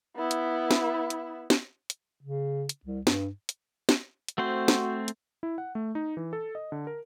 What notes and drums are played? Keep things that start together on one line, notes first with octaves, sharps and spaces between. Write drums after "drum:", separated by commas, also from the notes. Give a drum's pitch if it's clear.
B3 E4
drum: hi-hat
drum: snare
drum: hi-hat
drum: snare
drum: hi-hat
C#3
drum: hi-hat
C2
G2, drum: snare
drum: hi-hat
drum: snare
drum: hi-hat
A3 C4 F#4 C5
drum: snare
drum: hi-hat
E4
F#5
A3
D#4
E3
A4
D#5
D3
A#4